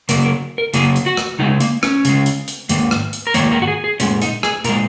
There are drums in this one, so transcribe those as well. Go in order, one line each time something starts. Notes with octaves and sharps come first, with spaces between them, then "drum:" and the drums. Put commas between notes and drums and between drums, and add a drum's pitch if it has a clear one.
C#3 F#3 A#3 A#4, drum: hi-hat
A#4
A#4
C#3 F#3 A#3 G#4, drum: hi-hat
drum: hi-hat
F#4
drum: rim click
C#3 G#3 D#4
A#3, drum: hi-hat
C#4, drum: rim click
C#3 G#3, drum: hi-hat
drum: hi-hat
drum: hi-hat
G#2 D#3 A#3, drum: hi-hat
drum: rim click
drum: hi-hat
A#4
G#2 D#3 A#3 C#5, drum: hi-hat
A#4
F#4
G#4
G#4
A#2 G#3 C#4, drum: hi-hat
D#4, drum: hi-hat
G#4, drum: rim click
A#2 G#3 A#4, drum: hi-hat